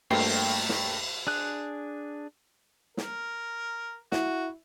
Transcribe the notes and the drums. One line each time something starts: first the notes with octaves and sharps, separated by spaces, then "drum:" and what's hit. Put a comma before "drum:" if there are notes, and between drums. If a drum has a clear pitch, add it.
G2 A3 A#3 G5 C7, drum: cymbal
drum: snare
D4 G#4 F#6
A#4, drum: snare
E4 F#4, drum: snare